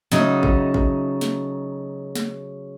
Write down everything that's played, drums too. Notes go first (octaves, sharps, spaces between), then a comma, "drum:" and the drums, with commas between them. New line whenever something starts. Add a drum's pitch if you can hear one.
C#3 F#3 A3 D#4, drum: snare
drum: kick A1
drum: kick A1
drum: snare
drum: snare